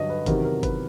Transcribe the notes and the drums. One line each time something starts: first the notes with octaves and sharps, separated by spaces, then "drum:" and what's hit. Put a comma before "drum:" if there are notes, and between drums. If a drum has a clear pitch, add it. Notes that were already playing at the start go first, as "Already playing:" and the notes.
Already playing: G2 D3 F#3 D#5
B4
E2 C3 D#3 F#3 A#4, drum: kick G1, hi-hat
A#4
B4, drum: kick G1, hi-hat